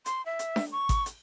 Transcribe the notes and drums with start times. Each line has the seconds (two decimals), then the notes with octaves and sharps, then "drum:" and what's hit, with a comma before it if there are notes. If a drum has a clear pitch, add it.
0.06 C6, drum: hi-hat
0.26 E5
0.39 drum: hi-hat
0.56 drum: snare D4
0.72 C#6
0.89 drum: kick G#1, hi-hat
1.06 drum: hi-hat